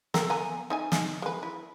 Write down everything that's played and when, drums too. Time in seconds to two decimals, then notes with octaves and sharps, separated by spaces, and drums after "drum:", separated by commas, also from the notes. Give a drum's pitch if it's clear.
0.14 A4 A#4 G5, drum: snare
0.30 B3 G#5 A#5
0.70 D#4 E5 G#5
0.92 D#4, drum: snare
1.22 G#3 B4
1.43 E4